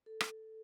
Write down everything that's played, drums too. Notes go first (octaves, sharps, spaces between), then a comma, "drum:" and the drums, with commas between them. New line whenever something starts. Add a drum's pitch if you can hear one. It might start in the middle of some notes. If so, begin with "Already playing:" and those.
A4
drum: rim click